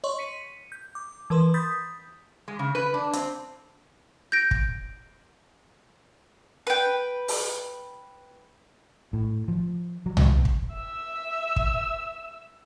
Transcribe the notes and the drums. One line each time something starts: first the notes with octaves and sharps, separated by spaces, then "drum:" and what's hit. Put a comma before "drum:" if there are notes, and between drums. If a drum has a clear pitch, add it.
C#5 D#5 C6 C#6
B6 C#7 D#7
G6
D6
E3 A#4 B4 C6
B5 D#6 G6 A6 B6
G#3
C#3
B4
D4
C4, drum: hi-hat
G6 G#6 A#6 D7
drum: kick
B4 G5
drum: open hi-hat
A2
F3
F#3
drum: tom
drum: kick
E5 E6
drum: kick